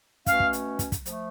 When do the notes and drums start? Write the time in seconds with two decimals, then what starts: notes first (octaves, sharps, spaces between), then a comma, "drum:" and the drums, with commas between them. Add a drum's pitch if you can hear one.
0.26 B2 A3 C#4 F5, drum: kick, hi-hat
0.40 drum: kick
0.53 drum: hi-hat
0.79 drum: kick, hi-hat
0.92 drum: kick, hi-hat
1.06 F3 A3, drum: hi-hat